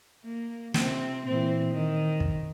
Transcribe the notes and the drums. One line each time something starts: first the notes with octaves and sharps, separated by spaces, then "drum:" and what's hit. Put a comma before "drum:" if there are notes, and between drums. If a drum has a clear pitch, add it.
A#3
C3 C4, drum: snare
A#2 E3 C4
D#3
drum: kick